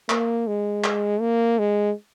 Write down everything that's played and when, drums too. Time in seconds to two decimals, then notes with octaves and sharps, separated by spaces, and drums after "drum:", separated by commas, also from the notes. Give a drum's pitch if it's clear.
0.10 A#3, drum: clap
0.47 G#3
0.84 drum: clap
1.21 A#3
1.59 G#3